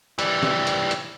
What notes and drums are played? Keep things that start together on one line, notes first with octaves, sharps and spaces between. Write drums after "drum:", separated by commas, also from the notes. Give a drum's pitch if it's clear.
E3 G3, drum: hi-hat
drum: snare
drum: hi-hat
drum: hi-hat